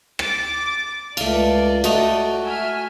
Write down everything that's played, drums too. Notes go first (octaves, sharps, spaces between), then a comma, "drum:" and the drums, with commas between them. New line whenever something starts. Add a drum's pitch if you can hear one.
D6 A6, drum: rim click
C#2 A3 D5 F5, drum: cymbal
A3 F#4 D#5 A#5, drum: cymbal
E5 G#5 F6